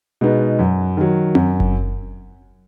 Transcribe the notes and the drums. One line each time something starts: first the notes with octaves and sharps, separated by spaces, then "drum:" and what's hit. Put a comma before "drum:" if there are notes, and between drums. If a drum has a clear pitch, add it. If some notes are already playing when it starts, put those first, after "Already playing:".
B2 G#3 B3 D#4
F#2
D#3 F#3
F#2, drum: tom C4
drum: kick F#1